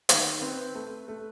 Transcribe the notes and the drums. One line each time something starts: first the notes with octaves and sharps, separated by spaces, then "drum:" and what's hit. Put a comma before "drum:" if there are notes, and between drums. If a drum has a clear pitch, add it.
D#3, drum: hi-hat
C4 B4
A3
A3